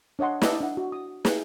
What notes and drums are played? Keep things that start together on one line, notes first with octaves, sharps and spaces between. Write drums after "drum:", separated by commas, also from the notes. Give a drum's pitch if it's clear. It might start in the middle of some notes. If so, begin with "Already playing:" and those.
D4 C#5 D#5 F#5 C6
E4 D5 D#5 A5 E6, drum: snare
D4 F#5
F#4
D#6
G#4, drum: snare